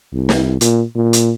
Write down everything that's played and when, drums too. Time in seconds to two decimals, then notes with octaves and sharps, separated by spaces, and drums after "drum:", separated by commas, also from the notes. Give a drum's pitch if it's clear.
0.13 C2
0.29 drum: snare
0.61 A#2, drum: hi-hat
0.95 A#2
1.13 drum: hi-hat